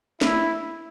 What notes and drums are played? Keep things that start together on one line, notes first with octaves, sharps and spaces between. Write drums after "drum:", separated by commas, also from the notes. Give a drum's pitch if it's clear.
E4, drum: snare